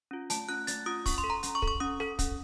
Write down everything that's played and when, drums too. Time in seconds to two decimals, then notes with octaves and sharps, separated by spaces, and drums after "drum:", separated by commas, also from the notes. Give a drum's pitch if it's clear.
0.11 C#4 F4
0.30 A3 A5, drum: hi-hat
0.48 C#4 F4 F#6
0.67 A3 A6, drum: hi-hat
0.86 C#4 F4 D#6
1.06 C#4 C#6, drum: kick, open hi-hat
1.18 C6
1.24 A4
1.30 A#5
1.43 C#4, drum: hi-hat
1.55 C#6
1.62 A4, drum: kick
1.68 C#6
1.80 C#4 D#6
2.00 A4, drum: rim click
2.19 C#4, drum: kick, hi-hat